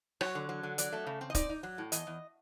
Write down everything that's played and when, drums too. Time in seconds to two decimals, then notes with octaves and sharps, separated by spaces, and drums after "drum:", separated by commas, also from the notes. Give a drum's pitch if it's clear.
0.21 F#3 C#5, drum: rim click
0.35 D3
0.49 F#3
0.63 D3
0.78 F#3 D5, drum: hi-hat
0.93 A3
1.07 C#3
1.21 C4
1.30 D#5
1.35 D#4 D5, drum: kick, hi-hat
1.49 D#4
1.63 F#3
1.78 A2
1.92 E2 D#5, drum: hi-hat
2.07 E2